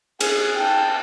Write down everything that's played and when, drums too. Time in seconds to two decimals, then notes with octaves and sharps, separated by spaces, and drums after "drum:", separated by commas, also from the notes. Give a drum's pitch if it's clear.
0.20 G#4, drum: cymbal
0.57 G5 A5